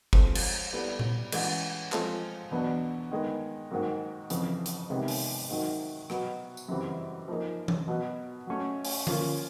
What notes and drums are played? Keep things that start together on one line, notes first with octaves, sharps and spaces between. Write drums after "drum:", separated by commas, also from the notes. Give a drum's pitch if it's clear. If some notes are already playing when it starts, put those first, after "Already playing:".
F3 G#3 C4 F4 A4, drum: kick F#1
drum: cymbal
G3 B3 E4 A4 D5
drum: tom A#2
E3 G#3 C#4 F#4, drum: cymbal
F3 G#3 C4 F4 A4, drum: clap
E2 B2 F#3 B3 D4
D#3 G#3 B3
G#2 D#3 F#3 A#3
F2 C#3 E3, drum: hi-hat
drum: hi-hat
C3 D#3 G#3 B3 D#4
drum: open hi-hat
G#2 D#3 F#3
B2 F#3 B3, drum: rim click
drum: tambourine
F#2 C#3 E3 G3 C4
F3 A#3 D#4 G#4
drum: tom E3
B2 F#3 B3
F#3 A3 C#4
drum: open hi-hat
F3 A#3 C#4 F4, drum: tom D3